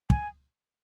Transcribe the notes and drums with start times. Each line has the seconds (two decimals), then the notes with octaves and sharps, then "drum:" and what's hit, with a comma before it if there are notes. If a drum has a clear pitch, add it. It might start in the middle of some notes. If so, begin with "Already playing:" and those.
0.10 G#5, drum: kick